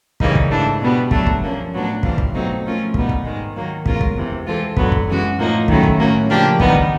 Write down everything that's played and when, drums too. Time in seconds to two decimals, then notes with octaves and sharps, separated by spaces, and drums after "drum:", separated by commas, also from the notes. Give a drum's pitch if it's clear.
0.20 C#3 E3 G3 A#3 D#4, drum: kick
0.35 drum: kick
0.51 G#2 E3 A3 D4
0.81 B2 G3 B3
1.11 F#3 A3 D4, drum: kick
1.27 drum: kick
1.42 F3 A#3 C#4
1.73 A2 F#3 B3 D4
2.03 G#2 E3 G3 C4 F4, drum: kick
2.18 drum: kick
2.33 B2 F#3 A3 C4 D#4
2.64 F3 A3 C#4 F4 A#4
2.94 B2 G3 B3 D#4, drum: kick
3.09 drum: kick
3.25 G#2 D#3 G#3
3.55 D#3 F#3 A#3
3.86 B2 G#3 C#4 F4 A#4, drum: kick
4.01 drum: kick
4.16 E2 C3 E3
4.46 E3 G#3 C4 F4 A4
4.77 F#2 D3 F#3 B3, drum: kick
4.92 drum: kick
5.07 E3 G#3 C#4 F#4
5.38 A2 F3 A#3 D#4
5.68 D#3 F#3 A3 C#4 E4, drum: kick
5.83 drum: kick
5.98 A2 F#3 A#3 C#4
6.29 C#3 F3 A#3 D4 G4
6.60 D#3 G3 B3 D#4, drum: kick
6.75 drum: kick